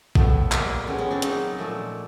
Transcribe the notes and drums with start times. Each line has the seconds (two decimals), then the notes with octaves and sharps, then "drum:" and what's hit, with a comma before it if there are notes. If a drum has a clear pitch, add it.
0.15 A2 F3 A3 B3, drum: kick A1
0.52 A#2 G3 A#3, drum: clap
0.87 A2 F3 G#3 B3 C#4
0.98 B3 C#4
1.11 C4 D4
1.22 C#3 F#3 A#3 C#4 D#4, drum: hi-hat
1.59 A#2 F3 A3